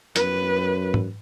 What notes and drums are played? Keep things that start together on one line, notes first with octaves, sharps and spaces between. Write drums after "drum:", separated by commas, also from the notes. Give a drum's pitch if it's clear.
F#2 B4, drum: hi-hat
drum: tom